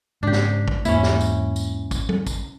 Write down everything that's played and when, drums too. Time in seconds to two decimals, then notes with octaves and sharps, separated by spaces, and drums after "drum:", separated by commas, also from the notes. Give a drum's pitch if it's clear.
0.23 G#2 C#3 D4 G4
0.32 drum: snare
0.68 drum: kick
0.85 E2 G#2 A#3 C#4 E4, drum: tambourine
1.03 drum: snare
1.21 drum: tambourine
1.56 drum: tambourine
1.91 drum: kick, tambourine
2.09 drum: tom
2.27 drum: kick, tambourine